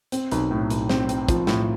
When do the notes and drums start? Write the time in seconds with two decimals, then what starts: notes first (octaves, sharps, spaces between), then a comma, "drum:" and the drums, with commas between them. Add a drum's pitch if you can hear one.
0.12 C4, drum: hi-hat
0.31 B1, drum: hi-hat
0.51 A2
0.70 B1, drum: hi-hat
0.89 C4, drum: snare
1.09 C4, drum: hi-hat
1.29 F3, drum: kick, hi-hat
1.47 A2, drum: snare